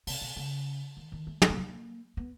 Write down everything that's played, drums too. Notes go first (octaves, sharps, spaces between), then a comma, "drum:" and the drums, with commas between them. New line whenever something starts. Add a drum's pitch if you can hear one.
C3, drum: open hi-hat
B2
C#3
D#3
D#3
A3
A#3, drum: tom
B3
A#3
B3